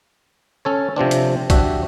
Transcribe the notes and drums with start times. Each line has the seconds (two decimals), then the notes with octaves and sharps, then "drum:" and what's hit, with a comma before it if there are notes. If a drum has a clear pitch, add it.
0.65 C#4 A4 C#5
0.96 C3 F3 C4 D4
1.11 drum: hi-hat
1.50 D4 F#4 G4 E5, drum: kick, hi-hat